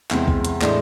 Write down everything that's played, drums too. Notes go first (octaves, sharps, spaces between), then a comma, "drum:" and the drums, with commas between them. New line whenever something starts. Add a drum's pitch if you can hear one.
E2 C3 G#3 C4, drum: clap
drum: kick B1
drum: hi-hat
A2 E3 G#3 D4, drum: clap